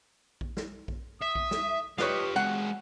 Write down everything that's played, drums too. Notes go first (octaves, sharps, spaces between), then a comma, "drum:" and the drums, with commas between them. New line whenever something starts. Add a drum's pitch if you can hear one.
drum: kick A#1
drum: snare
drum: kick A#1
E5 D#6
drum: kick A#1
drum: snare
F4 G4 B4 C#5 D#5 F5, drum: snare
G#3 C#4 F#4 F#5